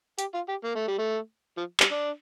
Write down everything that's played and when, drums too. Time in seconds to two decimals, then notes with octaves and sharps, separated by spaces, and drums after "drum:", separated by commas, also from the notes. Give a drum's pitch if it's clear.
0.19 G4, drum: hi-hat
0.34 F4
0.48 G4
0.64 A#3
0.76 A3
0.88 G3
0.98 A3
1.57 F3
1.80 G3, drum: clap
1.91 D4